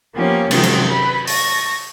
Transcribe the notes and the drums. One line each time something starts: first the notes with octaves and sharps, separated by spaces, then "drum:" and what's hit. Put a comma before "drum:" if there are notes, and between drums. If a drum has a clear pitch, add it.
F3 A#3 B3 C#4 G4
F#2 C3 D#3 F3 G#3, drum: cymbal
drum: cymbal
B4 B5
A5 C#6 A#6, drum: open hi-hat